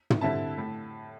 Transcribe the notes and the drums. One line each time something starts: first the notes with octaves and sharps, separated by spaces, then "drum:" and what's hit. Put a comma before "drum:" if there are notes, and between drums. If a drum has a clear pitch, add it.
drum: tom
D3 G3 C4 E4 E5 A5
A2